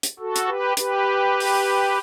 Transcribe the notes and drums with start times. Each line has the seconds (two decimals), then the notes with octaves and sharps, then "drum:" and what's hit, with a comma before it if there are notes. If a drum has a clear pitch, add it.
0.03 drum: hi-hat
0.19 F#4 A4
0.36 drum: hi-hat
0.48 G4 B4
0.77 G4 B4, drum: hi-hat
1.40 drum: open hi-hat